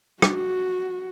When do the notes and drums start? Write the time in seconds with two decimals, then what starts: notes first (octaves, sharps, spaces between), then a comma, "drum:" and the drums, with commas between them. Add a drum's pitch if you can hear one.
0.22 F#4, drum: rim click